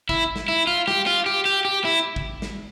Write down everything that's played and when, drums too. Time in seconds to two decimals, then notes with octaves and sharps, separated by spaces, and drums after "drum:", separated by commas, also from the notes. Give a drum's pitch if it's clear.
0.09 E4, drum: kick
0.36 drum: snare
0.48 E4
0.67 F4
0.88 G4, drum: snare
1.07 F4
1.26 G4
1.45 G4
1.65 G4
1.85 E4
2.16 drum: kick
2.42 drum: snare